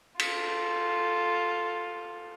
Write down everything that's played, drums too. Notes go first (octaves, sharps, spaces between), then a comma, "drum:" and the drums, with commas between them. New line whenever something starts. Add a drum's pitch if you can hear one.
F4 A4, drum: cymbal